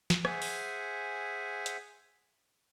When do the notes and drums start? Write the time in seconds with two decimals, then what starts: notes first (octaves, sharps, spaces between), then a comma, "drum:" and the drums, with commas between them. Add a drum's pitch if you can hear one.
0.10 drum: snare
0.25 G#4 C5 E5 F#5 G#5, drum: rim click
0.42 drum: open hi-hat
1.66 drum: hi-hat